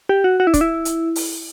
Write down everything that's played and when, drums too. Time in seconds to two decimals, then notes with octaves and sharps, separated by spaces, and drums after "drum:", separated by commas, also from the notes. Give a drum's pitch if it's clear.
0.09 G4
0.24 F#4
0.40 F#4
0.47 E4
0.54 D4, drum: kick C#1, hi-hat
0.61 E4
0.85 drum: hi-hat
1.16 drum: open hi-hat